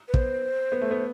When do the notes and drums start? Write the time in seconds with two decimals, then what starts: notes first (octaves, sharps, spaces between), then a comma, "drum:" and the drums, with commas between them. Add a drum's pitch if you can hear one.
0.08 B4
0.14 B3 C5, drum: kick
0.72 B3
0.81 A3
0.91 B3